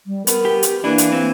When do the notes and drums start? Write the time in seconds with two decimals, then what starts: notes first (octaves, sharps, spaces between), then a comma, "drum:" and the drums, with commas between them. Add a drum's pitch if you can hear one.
0.07 G3
0.27 B3 A#4, drum: hi-hat
0.45 G4
0.63 drum: hi-hat
0.84 E3 A#3 D4
0.98 drum: hi-hat
1.12 C4